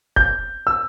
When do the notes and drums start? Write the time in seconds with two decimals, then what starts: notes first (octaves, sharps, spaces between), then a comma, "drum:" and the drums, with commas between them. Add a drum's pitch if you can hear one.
0.16 G6, drum: kick F1
0.67 E6